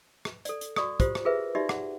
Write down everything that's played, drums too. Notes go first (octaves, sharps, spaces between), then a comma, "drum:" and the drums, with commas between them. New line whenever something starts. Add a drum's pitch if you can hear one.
drum: rim click
A4 D5, drum: hi-hat
drum: hi-hat
F#4 D5 C#6 D#6, drum: rim click
F4 G4 C5, drum: kick, hi-hat
drum: rim click
F4 G#4 A#4 B4 E5
D#4 F#4 G4 D5 E5
F#5, drum: rim click